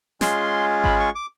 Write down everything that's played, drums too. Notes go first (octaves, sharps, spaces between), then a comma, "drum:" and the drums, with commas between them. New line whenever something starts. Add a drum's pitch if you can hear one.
G#3 C#4 F4 G#4 C6, drum: snare
B5, drum: kick G#1
C#6
D6